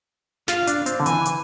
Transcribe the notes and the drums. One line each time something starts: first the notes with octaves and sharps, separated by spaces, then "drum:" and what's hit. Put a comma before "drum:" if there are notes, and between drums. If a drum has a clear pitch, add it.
F4 F5, drum: snare
D4, drum: hi-hat
C4, drum: hi-hat
D3
E3 G#5, drum: hi-hat
drum: hi-hat